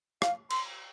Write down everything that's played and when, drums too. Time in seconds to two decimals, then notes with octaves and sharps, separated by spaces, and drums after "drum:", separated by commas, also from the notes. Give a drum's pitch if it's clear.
0.22 F5, drum: rim click
0.50 C6, drum: cymbal